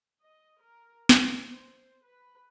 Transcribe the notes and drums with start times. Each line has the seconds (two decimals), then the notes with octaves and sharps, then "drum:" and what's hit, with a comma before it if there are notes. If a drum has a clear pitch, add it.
0.21 D#5
0.61 A#4
1.09 C4, drum: snare
1.51 C5
2.03 B4